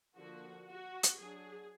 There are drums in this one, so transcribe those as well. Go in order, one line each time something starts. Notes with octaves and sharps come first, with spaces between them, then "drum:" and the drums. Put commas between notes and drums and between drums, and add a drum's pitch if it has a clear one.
D3 F3 A#3 F#4
F#4
drum: hi-hat
F#3 D4 G#4